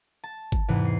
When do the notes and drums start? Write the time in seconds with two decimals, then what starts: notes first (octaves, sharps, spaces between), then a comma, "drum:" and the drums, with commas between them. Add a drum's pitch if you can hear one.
0.24 A5
0.52 drum: kick G1
0.68 E2 G#2 C3 E3
0.85 C7